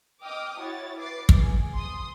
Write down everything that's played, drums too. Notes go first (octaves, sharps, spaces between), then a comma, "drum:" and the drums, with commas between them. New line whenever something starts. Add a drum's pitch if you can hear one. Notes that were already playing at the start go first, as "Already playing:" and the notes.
D#5 G5 D6 D#6 F6
E4 F#4 C#5 A6
B4 D6 A6 C7
drum: kick
G#4
C6 D#6